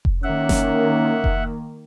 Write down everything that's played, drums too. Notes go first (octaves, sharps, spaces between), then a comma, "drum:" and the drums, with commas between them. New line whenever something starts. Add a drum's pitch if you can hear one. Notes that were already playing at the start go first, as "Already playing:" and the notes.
drum: kick F1
D#3 A#3 C#4 E5 F#5
drum: snare F#1
drum: kick F1